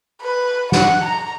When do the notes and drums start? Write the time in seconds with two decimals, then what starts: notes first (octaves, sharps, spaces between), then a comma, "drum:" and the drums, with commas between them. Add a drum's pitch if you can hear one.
0.21 B4
0.72 F#5, drum: snare
1.04 A#5